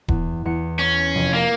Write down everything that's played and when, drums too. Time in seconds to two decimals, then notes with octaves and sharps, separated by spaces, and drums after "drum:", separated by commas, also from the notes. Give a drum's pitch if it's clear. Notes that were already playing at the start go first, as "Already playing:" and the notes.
0.08 E2, drum: kick D#1
0.45 E2 C#7
0.79 C#4
1.11 F1 C7
1.33 A#3 E6